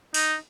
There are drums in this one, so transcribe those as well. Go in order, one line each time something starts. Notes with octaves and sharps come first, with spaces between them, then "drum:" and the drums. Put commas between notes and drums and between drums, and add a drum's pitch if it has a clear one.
D#4, drum: open hi-hat